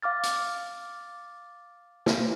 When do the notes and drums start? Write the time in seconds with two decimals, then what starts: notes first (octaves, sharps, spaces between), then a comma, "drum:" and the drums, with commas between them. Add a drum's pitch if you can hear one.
0.02 F5 D6 F6 A6
0.23 drum: hi-hat
2.06 drum: snare